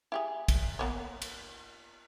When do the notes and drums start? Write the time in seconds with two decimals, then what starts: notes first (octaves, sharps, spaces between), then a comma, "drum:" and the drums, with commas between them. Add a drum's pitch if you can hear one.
0.12 E4 G4 G#4
0.48 drum: kick, cymbal
0.79 A#3 B3 C#5
1.22 drum: cymbal